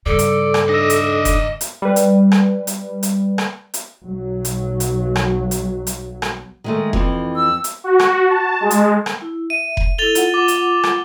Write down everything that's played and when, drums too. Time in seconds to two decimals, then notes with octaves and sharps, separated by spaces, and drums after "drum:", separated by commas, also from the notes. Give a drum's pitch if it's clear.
0.06 G2 C#3 A4 D5
0.19 drum: hi-hat
0.54 drum: rim click
0.69 D4 D#4 D#5 E5
0.90 drum: hi-hat
1.25 drum: kick F1, hi-hat
1.61 drum: hi-hat
1.82 G3 B4
1.96 drum: hi-hat
2.32 drum: rim click
2.67 drum: hi-hat
3.03 drum: hi-hat
3.38 drum: rim click
3.74 drum: hi-hat
4.03 B1 F#3
4.45 drum: hi-hat
4.80 drum: hi-hat
5.16 drum: rim click
5.51 drum: hi-hat
5.87 drum: hi-hat
6.22 drum: rim click
6.64 D#3 G#3 A3
6.93 F2 E3 C4, drum: kick F1
7.35 E6
7.64 drum: hi-hat
7.84 F#4
8.00 drum: rim click
8.29 A5
8.60 G#3
8.71 drum: hi-hat
9.06 drum: rim click
9.22 E4
9.50 E5 D#7
9.77 drum: kick F1
9.98 E4 A4 A6 F7 G7
10.15 F4 F#5, drum: hi-hat
10.34 D6
10.48 drum: hi-hat
10.84 drum: rim click